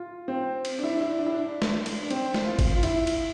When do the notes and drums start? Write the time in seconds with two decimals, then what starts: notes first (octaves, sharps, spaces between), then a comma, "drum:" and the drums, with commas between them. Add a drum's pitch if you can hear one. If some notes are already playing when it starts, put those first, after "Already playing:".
Already playing: F4
0.28 C4
0.65 drum: cymbal
0.79 D4
0.83 E4
0.93 D4
1.01 E4
1.19 D4
1.26 E4
1.34 D4
1.62 drum: snare
1.86 drum: cymbal
2.02 D4
2.10 C4, drum: cymbal
2.34 drum: snare
2.46 F4
2.59 drum: kick G1, cymbal
2.76 F4
2.83 E4, drum: cymbal
3.07 drum: cymbal